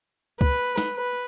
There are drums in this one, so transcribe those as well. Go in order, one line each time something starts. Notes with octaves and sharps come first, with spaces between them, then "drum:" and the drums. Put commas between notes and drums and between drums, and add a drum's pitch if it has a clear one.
B4, drum: kick C#2
drum: snare
B4